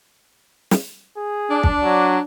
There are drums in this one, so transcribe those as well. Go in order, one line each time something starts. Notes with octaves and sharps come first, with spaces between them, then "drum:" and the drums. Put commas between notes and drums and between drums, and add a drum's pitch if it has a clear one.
drum: snare
G#4
D4
drum: kick
F#3